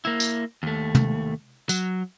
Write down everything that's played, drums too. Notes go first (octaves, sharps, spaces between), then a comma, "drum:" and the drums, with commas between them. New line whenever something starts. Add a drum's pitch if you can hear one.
A#3 E4
drum: tambourine
D#2 A3
drum: tom
F#3, drum: tambourine